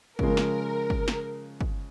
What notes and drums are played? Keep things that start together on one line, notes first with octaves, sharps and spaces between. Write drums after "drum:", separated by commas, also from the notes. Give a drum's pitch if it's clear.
C#3 F3 G#3 A#4, drum: kick
drum: snare
drum: kick
drum: snare
drum: kick